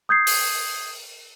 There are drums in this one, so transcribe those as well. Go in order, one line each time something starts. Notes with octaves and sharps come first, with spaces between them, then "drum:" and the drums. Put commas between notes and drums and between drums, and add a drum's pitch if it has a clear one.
D#6 G6 G#6 C7
drum: open hi-hat